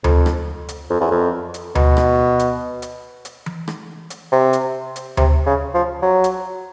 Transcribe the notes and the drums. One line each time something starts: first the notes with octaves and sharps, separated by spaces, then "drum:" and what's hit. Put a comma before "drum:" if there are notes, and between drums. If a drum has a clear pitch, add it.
F2, drum: tom D2
drum: rim click
drum: hi-hat
F2
E2
F2
drum: hi-hat
B2, drum: tom D2
drum: rim click
drum: hi-hat
drum: hi-hat
drum: hi-hat
drum: tom E3
drum: rim click
drum: hi-hat
C3
drum: hi-hat
drum: hi-hat
C3, drum: tom D2
C#3
F3
F#3
drum: hi-hat